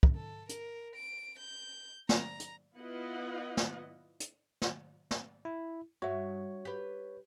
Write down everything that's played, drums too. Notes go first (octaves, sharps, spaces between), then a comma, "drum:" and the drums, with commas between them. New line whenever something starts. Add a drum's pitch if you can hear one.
drum: kick
A4
A#4, drum: hi-hat
D7
G6
A#5, drum: snare
drum: hi-hat
B3 E4 F4 B4 D#5 F#5
drum: snare
drum: hi-hat
drum: snare
drum: snare
E4
G2 F#4 C#5 E5
G4 B4